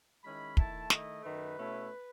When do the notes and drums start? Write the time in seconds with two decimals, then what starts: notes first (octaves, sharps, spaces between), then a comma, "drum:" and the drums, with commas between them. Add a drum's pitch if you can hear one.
0.24 D#3 G#3 C#4 E4 B5
0.57 D#3 A3 E4 A5, drum: kick
0.90 D#3 A3 E4 D#5, drum: snare
1.23 F#2 D#3 A3 B4
1.57 B2 A3 C#4 E4